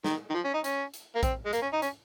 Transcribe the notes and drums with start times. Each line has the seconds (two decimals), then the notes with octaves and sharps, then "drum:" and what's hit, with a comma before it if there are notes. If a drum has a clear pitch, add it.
0.04 D#3, drum: snare
0.30 D#3
0.34 F3
0.45 C#4
0.54 D#4
0.64 C#4, drum: hi-hat
0.94 drum: hi-hat
1.15 A#3
1.23 C4, drum: kick A#1, hi-hat
1.46 G#3
1.53 A#3, drum: hi-hat
1.62 C#4
1.73 D#4
1.82 C#4, drum: hi-hat